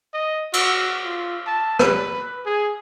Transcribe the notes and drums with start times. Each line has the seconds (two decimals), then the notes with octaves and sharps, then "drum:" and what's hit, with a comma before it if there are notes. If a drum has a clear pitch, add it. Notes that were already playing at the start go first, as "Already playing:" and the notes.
0.14 D#5
0.53 F#4, drum: cymbal
1.04 F4
1.47 A5
1.79 B4, drum: rim click
2.46 G#4